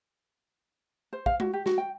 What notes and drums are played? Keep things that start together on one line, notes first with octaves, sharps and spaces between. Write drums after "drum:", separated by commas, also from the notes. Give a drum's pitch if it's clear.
C5
F5, drum: kick
F#4, drum: tom G#3
G4
F#4, drum: snare
G5